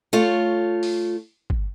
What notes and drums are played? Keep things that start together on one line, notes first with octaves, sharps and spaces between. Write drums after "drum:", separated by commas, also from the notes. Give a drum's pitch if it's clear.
A3 F4 C#5
drum: open hi-hat
drum: kick